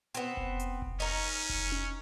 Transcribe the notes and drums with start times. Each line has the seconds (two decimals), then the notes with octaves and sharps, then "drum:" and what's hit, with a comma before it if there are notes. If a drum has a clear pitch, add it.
0.15 B3 C4, drum: hi-hat
0.37 drum: kick F1
0.59 drum: hi-hat
0.82 drum: kick F1
1.00 C#4 D#4 A#4
1.49 drum: kick F1
1.72 drum: tom C#4